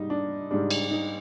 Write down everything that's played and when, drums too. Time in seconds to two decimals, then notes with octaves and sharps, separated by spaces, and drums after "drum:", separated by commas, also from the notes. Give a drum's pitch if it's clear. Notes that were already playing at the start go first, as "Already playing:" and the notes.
Already playing: G#2 G3 D#4
0.10 D4
0.51 G#2 G3 D4
0.71 drum: cymbal
0.91 D#4